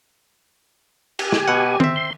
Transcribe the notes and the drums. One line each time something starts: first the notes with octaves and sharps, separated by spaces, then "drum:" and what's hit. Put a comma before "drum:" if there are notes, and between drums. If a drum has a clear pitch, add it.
G4 G#5, drum: cymbal
drum: snare
B2 F#5
C4 E5, drum: tom D#3
C6